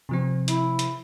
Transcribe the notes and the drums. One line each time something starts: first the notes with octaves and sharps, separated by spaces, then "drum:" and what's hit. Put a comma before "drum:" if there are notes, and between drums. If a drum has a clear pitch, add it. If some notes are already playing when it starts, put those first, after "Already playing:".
C3 F3 C4
E4, drum: hi-hat
drum: hi-hat